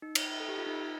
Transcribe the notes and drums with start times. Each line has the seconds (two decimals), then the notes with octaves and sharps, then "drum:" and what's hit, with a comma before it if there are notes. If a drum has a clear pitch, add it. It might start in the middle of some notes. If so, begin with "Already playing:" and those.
0.02 D#4
0.15 drum: cymbal
0.40 A4
0.49 G4
0.58 F4
0.66 D#4